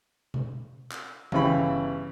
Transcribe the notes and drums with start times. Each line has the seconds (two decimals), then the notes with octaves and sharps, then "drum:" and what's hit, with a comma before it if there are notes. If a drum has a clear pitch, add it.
0.34 drum: tom B2
0.92 drum: clap
1.32 G1 C#3 E3 C#4 G4 B5, drum: tom D#3